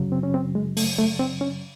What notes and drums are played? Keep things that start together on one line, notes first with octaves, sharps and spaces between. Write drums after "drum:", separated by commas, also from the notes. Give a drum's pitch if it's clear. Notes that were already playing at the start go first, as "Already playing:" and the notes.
Already playing: F#2 C#3 F#3
C4
C#4
C4
G#3
A3, drum: open hi-hat
A3
C4
C#4